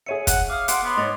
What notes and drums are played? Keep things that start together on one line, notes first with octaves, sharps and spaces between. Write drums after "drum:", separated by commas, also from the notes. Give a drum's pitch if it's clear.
G#4 C#5 E5 C#7 D#7
F#5, drum: kick, hi-hat
F5 D6 D#6
F#5 C6 D6 C7 D7, drum: hi-hat
B3 B5 D6
G#2 C#5 D#5 C6 A6 F7